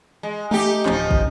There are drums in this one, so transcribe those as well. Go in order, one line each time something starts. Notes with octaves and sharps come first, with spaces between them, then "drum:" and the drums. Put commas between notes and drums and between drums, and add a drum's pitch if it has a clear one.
G#3
A3 D#4 G4
D1 F3 C#4 D#4, drum: clap
drum: kick